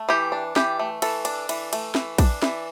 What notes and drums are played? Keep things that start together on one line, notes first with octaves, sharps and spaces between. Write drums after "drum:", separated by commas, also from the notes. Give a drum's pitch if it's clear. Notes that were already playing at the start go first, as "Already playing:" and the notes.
Already playing: A3
E3 G4
D4
E3 G4, drum: snare
A3
E3 A4, drum: cymbal
D4, drum: cymbal
E3, drum: cymbal
A3, drum: cymbal
E3, drum: snare
D4, drum: kick A#1, cymbal
E3, drum: snare